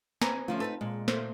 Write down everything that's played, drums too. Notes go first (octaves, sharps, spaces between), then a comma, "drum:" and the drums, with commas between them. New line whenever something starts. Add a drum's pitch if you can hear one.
C4 B4 G#5 A#5, drum: snare
D3 F3 A3 C#4 F4
C4 D#4 A4 B4
A#2 G#3
A3 A#3 C5, drum: snare